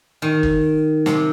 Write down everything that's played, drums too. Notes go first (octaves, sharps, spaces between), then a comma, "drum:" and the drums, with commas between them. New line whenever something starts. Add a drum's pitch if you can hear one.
D#3
drum: kick G1
C3, drum: snare